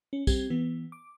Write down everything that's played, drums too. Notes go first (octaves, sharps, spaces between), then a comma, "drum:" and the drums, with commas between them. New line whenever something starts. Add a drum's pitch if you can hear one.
C#4
G3 C4 G4 G#6, drum: kick, tambourine
E3 B3
D6